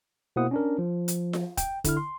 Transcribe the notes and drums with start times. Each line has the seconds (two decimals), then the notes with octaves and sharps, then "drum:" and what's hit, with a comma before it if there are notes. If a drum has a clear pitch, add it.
0.36 B2 A#3 E4 C5 F#5 D#6
0.51 C#4 D4 A#4
0.79 F3
1.08 drum: hi-hat
1.33 drum: snare F4
1.57 G5, drum: kick E1, hi-hat
1.84 D3 E4 F6, drum: kick E1, hi-hat
1.97 C6